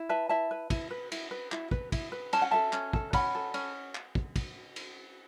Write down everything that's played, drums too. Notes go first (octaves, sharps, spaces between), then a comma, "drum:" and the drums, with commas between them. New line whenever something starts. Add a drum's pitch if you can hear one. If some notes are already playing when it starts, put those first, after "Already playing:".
Already playing: E4
B4 E5 A5
E4 E5 A5
B4
E4, drum: kick, cymbal
B4
E4, drum: cymbal
B4
E4, drum: clap
B4, drum: kick
E4, drum: kick, cymbal
B4
C#4 A5, drum: cymbal
F#5
A4 E5 A5
C#4, drum: clap
A4, drum: kick
C#4 F#5 B5, drum: kick, cymbal
A4
C#4, drum: cymbal
drum: clap
drum: kick
drum: kick, cymbal
drum: cymbal